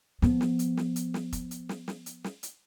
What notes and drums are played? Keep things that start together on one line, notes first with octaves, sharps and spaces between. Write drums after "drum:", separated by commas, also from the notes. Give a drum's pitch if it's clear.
F3 B3, drum: snare
drum: snare
drum: hi-hat
drum: snare
drum: hi-hat
drum: snare
drum: kick, hi-hat
drum: hi-hat
drum: snare
drum: snare
drum: hi-hat
drum: snare
drum: hi-hat